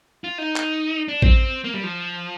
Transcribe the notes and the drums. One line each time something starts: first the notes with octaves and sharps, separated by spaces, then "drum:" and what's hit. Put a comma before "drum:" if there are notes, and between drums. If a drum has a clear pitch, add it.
F4
D#4
drum: clap
D4
C4, drum: kick A1
A#3
G3
F3